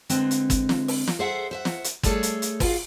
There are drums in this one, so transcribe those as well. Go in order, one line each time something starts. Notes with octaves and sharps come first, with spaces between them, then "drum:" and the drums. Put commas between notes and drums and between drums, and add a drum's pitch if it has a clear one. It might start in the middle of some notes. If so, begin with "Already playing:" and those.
D3 G#3 C4 B4, drum: hi-hat
drum: hi-hat
drum: kick, hi-hat
drum: snare
drum: open hi-hat
drum: snare
G#4 A4 C5 E5 F#5
C5 E5 F#5
drum: snare
drum: hi-hat
G3 A3 G#4 A4 C#5, drum: kick, hi-hat
drum: hi-hat
drum: hi-hat
F4 F#4 G#4 F5, drum: kick, open hi-hat